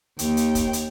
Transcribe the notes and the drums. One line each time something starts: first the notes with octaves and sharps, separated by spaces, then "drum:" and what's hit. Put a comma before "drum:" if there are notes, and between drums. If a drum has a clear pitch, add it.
D#2 G5, drum: hi-hat
drum: hi-hat
drum: kick, hi-hat
drum: hi-hat